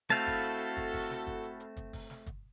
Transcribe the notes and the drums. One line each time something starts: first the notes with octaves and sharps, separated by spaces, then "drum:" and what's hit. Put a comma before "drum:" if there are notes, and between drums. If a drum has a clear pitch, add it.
A3 C4 E4 F#4 A4 F5 A5, drum: snare
drum: kick, hi-hat
drum: hi-hat
drum: kick, hi-hat
drum: kick, open hi-hat
drum: snare
drum: kick, hi-hat
drum: hi-hat
drum: hi-hat
drum: kick, hi-hat
drum: kick, open hi-hat
drum: snare
drum: kick, hi-hat